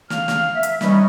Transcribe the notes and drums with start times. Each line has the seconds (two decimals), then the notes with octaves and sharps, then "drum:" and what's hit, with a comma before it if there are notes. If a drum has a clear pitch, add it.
0.10 F5 F6, drum: snare
0.28 drum: snare
0.53 E5
0.63 drum: hi-hat
0.81 G3 C#4 D#4 B4, drum: snare